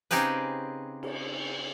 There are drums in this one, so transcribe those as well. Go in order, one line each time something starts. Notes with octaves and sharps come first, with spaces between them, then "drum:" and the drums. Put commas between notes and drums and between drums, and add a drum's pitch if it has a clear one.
C#3 C4 D#4 G4 G#4 B4, drum: hi-hat
drum: cymbal